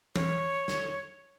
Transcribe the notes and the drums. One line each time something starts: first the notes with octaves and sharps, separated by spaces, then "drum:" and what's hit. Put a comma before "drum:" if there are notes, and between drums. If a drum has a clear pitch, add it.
C#5, drum: tom
drum: snare